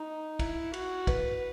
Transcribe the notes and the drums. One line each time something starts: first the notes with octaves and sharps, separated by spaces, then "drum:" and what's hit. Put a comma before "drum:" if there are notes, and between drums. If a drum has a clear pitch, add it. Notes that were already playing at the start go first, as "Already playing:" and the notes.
Already playing: D#4
E4, drum: kick, cymbal
F#4, drum: cymbal
B4, drum: kick, cymbal